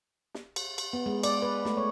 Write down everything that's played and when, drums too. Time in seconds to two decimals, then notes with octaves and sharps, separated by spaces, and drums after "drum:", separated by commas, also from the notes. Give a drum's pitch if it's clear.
0.34 drum: snare
0.56 drum: cymbal
0.78 drum: cymbal
0.93 B3
1.06 G#3
1.23 D5, drum: cymbal
1.42 B4
1.65 A3, drum: snare
1.77 C#5